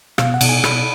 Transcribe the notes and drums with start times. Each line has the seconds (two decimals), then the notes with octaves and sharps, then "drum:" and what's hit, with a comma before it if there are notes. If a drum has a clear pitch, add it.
0.18 B2 F5, drum: rim click
0.34 F#5
0.41 B2, drum: cymbal
0.49 G#5
0.64 B2 B5, drum: rim click